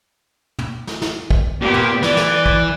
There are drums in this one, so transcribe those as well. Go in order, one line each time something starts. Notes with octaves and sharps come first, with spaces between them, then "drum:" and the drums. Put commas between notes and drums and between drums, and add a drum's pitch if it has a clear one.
drum: tom
drum: snare
drum: snare
drum: kick
A#2 B3 G4
drum: tom
E3 D5, drum: snare
drum: snare
drum: kick